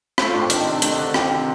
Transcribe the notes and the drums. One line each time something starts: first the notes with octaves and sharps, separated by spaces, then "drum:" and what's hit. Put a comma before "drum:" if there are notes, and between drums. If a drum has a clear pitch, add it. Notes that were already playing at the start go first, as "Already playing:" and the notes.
A3 C5, drum: rim click
F4
A2 D4
C4
D#3 D4, drum: hi-hat
D#4
C3
D4
A3 D4, drum: hi-hat
D3
D#3 C4, drum: rim click
C3 C4